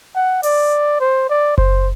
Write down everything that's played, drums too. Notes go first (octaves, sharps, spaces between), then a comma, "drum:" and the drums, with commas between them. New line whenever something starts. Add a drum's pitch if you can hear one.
F#5
D5, drum: open hi-hat
C5
D5
C5, drum: kick F#1